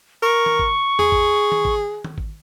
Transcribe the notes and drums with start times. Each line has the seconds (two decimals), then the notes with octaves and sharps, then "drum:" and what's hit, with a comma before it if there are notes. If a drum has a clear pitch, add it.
0.23 A#4 C#6
0.46 drum: tom D#3
0.59 drum: kick G#1
0.99 G#4, drum: tom E2
1.12 drum: kick G#1
1.52 drum: tom D#3
1.65 drum: kick G#1
2.04 drum: tom D#3
2.18 drum: kick G#1